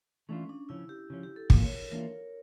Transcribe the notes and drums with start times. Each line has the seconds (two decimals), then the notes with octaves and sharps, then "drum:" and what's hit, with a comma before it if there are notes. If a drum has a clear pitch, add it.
0.29 E3 A3 C#4 D4 F4
0.49 D4
0.69 C#3 F3 C#4 E4
0.89 G4
1.10 C#3 F3 C#4
1.23 G4
1.36 A4
1.50 E3 A#3 D4 F4 A#4, drum: kick
1.64 C#5
1.77 A#4
1.91 E3 A#3 D4 F4 A#4